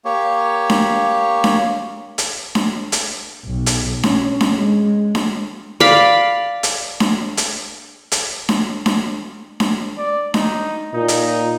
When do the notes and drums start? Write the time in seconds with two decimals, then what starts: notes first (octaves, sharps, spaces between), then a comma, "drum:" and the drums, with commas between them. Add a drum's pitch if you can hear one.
0.05 A#3 G4 C#5
0.70 drum: snare D4
1.44 drum: snare D4
2.18 drum: hi-hat
2.55 drum: snare D4
2.92 drum: hi-hat
3.45 B1
3.66 drum: hi-hat
4.03 C#4, drum: snare D4
4.41 drum: snare D4
4.55 G#3
5.15 drum: snare D4
5.80 D5 F5 B5
6.63 drum: hi-hat
7.00 drum: snare D4
7.37 drum: hi-hat
8.12 drum: hi-hat
8.49 drum: snare D4
8.86 drum: snare D4
9.60 drum: snare D4
9.98 D5
10.34 D#4, drum: snare D4
10.94 A#2 D#4
11.08 drum: hi-hat